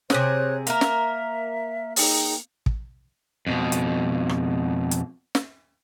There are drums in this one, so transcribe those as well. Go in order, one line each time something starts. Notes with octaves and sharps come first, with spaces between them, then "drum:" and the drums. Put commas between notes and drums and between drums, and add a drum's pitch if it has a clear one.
C3 G#4 C5 C#5 F#6, drum: snare
A#3 A#4 E5, drum: hi-hat
drum: snare
D#4 G#4 G5, drum: open hi-hat
drum: kick
F2 B2
drum: hi-hat
drum: rim click
drum: hi-hat
drum: snare